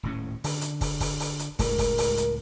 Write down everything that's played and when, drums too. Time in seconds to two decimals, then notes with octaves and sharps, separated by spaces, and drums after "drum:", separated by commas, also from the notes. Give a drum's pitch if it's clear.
0.03 D#1 A2 C#4
0.44 D3, drum: open hi-hat
0.61 drum: hi-hat
0.81 drum: kick, open hi-hat
1.00 drum: kick, open hi-hat
1.20 drum: open hi-hat
1.39 drum: hi-hat
1.59 C#2 A2 G#3 A#4, drum: kick, open hi-hat
1.78 drum: kick, open hi-hat
1.98 drum: open hi-hat
2.17 drum: hi-hat